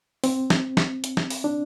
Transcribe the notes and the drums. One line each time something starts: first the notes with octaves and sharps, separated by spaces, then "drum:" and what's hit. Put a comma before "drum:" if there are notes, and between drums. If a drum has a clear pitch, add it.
C4, drum: open hi-hat
drum: snare
drum: snare
drum: hi-hat
drum: snare
drum: open hi-hat
D4